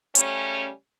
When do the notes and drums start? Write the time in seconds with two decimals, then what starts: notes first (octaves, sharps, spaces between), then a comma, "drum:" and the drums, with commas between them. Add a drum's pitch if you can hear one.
0.15 C#3 G3 A3 C#4, drum: hi-hat